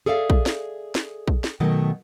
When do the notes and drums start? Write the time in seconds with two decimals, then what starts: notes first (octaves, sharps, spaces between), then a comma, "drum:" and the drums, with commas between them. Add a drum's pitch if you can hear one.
0.06 G#4 A4 D5 E5 F5
0.30 drum: kick A#1
0.46 drum: snare
0.95 drum: snare
1.28 drum: kick A#1
1.44 drum: snare
1.60 B2 D#3 F#3 A3 D#5